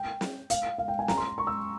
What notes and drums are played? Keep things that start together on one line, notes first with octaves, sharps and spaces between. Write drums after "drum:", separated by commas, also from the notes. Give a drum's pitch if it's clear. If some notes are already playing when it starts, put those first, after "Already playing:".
Already playing: G5
drum: snare
F5, drum: hi-hat
F5
G5
G#5
A#5, drum: snare
C6
C#6
E6